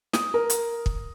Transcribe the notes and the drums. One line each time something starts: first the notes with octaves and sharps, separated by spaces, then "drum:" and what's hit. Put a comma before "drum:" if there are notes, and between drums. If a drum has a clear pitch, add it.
D#6, drum: snare
A#4
drum: hi-hat
drum: kick